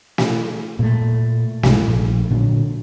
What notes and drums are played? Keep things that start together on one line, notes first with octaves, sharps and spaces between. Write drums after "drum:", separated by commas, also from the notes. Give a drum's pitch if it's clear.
drum: snare
A#2 A3
C2 G#2, drum: snare
A#1
A#2 D3 F#3